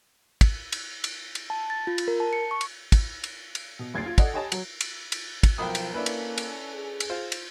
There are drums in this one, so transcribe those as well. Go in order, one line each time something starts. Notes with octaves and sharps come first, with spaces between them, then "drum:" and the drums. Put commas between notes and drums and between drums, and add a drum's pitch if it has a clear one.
drum: kick, cymbal
drum: cymbal
drum: cymbal
drum: cymbal
A5
A6
F4
drum: cymbal
A#4
A5
C#7
C#6
drum: cymbal
drum: kick, cymbal
drum: cymbal
drum: cymbal
B2
F#1 D2 G#6 A6 C7 D7
F4
A4 D5 D#5 F#5, drum: kick, cymbal
G4 C#5 D#5 G#5 A5 B5
F#3, drum: cymbal
drum: cymbal
drum: cymbal
drum: kick, cymbal
B1 F3 A#4 G5 B5 D#6
drum: cymbal
A#3 C#4 D4 E4 A4 B4
drum: cymbal
drum: cymbal
G#4
drum: cymbal
F4 C5
drum: cymbal